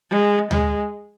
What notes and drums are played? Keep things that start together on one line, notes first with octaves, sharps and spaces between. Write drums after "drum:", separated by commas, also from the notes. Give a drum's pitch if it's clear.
G#3
G#3, drum: tom D2